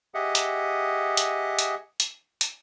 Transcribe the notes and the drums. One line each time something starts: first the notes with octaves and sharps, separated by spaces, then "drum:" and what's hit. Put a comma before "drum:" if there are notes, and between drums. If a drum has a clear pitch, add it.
G4 G#4 D#5 E5 F#5
drum: hi-hat
drum: hi-hat
drum: hi-hat
drum: hi-hat
drum: hi-hat